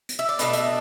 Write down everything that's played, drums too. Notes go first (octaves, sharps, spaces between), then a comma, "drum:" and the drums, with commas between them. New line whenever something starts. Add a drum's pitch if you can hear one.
drum: hi-hat
E5
D5
B2 A3 D4 B4, drum: hi-hat
E5, drum: hi-hat